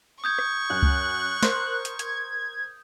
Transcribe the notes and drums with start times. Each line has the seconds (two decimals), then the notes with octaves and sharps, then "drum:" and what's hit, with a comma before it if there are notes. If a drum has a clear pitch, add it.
0.24 C#6 D#6 G6 G#6
0.39 drum: rim click
0.70 F#2 F#6
0.82 drum: kick C#2
1.43 A#4 C5 C6, drum: snare
1.85 drum: hi-hat
1.99 G#6, drum: hi-hat